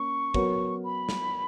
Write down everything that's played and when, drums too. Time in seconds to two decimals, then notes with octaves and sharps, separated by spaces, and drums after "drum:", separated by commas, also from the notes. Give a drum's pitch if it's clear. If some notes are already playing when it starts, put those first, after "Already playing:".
Already playing: A#3 C#4 C#6
0.34 F#3 B3 F#4 A#4 C#5, drum: kick
0.85 B5
1.09 drum: snare